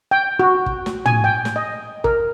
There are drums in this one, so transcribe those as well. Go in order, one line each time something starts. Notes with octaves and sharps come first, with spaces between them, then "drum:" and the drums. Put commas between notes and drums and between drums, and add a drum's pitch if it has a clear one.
G5
F#4
drum: kick
drum: snare
G#5, drum: tom
G5
drum: snare
D#5
A#4, drum: kick